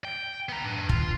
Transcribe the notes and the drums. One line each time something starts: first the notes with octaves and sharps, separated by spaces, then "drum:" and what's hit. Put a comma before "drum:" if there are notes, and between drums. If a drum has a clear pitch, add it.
G5
B3 A#5
D4 B4
F4, drum: kick